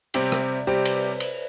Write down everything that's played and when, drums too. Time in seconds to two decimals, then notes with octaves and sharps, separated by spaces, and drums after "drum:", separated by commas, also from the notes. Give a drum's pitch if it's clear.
0.14 C3 G3 C4 G4 E5, drum: cymbal
0.32 drum: rim click
0.41 D5
0.67 C3 G3 C4 G4 C5
0.85 B4, drum: cymbal
1.02 C5
1.20 drum: cymbal